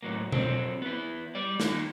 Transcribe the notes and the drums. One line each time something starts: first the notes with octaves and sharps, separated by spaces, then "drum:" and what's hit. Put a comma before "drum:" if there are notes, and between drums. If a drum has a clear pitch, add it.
A2 F#3 A#3
F3 F#3 C4, drum: tom B2
B3 E4
G3 G4 D5
A#3 D#4 F4, drum: snare